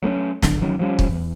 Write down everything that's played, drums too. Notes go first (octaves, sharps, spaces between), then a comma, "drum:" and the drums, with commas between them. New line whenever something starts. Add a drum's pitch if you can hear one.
F#3 A3 B3 C#4
D1 G#1 D3, drum: snare
F2 D#3 F#3 C#4
F3 G3 C#4
drum: kick
E2